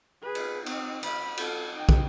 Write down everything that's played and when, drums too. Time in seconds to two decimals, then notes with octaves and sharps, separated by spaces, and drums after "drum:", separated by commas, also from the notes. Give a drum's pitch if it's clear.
0.22 G#4 B4
0.35 drum: cymbal
0.66 C4 D#4, drum: cymbal
1.03 B5, drum: cymbal
1.37 A4, drum: cymbal
1.77 D#4 G5
1.89 drum: kick